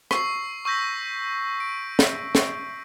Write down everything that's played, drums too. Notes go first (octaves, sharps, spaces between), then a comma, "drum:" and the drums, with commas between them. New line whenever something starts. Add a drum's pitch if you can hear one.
C#6 E6 C7, drum: rim click
C#6 E6 G6 A#6 B6
D7
drum: snare
drum: snare